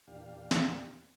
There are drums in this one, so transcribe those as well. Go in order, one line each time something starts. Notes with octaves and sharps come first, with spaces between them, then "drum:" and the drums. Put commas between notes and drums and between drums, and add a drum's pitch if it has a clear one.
E2 A#2 D4 G4 F5
drum: snare